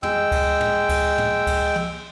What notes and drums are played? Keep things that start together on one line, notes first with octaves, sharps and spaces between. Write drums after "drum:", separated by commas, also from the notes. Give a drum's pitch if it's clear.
G#3 G5 E6, drum: tom
drum: kick C#2, cymbal
drum: tom
drum: kick C#2, cymbal
drum: tom
drum: kick C#2, cymbal
drum: tom